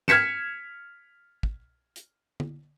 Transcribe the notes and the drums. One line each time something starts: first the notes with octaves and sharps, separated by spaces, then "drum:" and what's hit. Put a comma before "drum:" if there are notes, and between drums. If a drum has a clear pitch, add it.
F6 G#6 B6 C#7 E7, drum: snare
drum: kick
drum: hi-hat
drum: tom